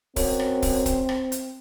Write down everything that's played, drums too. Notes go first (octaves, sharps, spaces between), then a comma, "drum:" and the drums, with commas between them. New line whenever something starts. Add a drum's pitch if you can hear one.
F#2 C4, drum: kick, open hi-hat
drum: rim click
drum: kick, open hi-hat
drum: kick, hi-hat
drum: rim click
drum: hi-hat